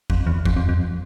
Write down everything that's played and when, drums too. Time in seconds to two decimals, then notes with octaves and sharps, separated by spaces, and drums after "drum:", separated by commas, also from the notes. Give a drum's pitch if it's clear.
0.10 F2, drum: kick G#1
0.27 E2
0.46 F2, drum: kick G#1
0.57 F2
0.69 F2